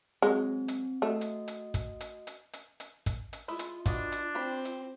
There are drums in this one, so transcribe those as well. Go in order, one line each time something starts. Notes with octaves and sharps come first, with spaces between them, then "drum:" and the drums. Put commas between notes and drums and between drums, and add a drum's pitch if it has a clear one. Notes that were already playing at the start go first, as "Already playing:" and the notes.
F#3 G#3 C4
drum: hi-hat
A3 F#4 D#5
drum: hi-hat
drum: hi-hat
drum: kick, hi-hat
drum: hi-hat
drum: hi-hat
drum: hi-hat
drum: hi-hat
drum: kick, hi-hat
drum: hi-hat
G#3 E4 F4 E5
drum: hi-hat
E3 D4 F#4 D#5, drum: kick, hi-hat
drum: hi-hat
C4 G4 B5
drum: hi-hat